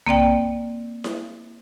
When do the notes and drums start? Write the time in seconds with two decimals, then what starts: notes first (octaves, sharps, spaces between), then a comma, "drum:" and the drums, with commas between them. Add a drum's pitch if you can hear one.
0.06 A#3 C4 D5 G5, drum: tom B1
1.04 drum: snare E4